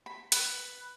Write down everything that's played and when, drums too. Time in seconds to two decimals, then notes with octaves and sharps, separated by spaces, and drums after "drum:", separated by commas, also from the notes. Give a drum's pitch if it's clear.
0.06 B5
0.32 B4, drum: hi-hat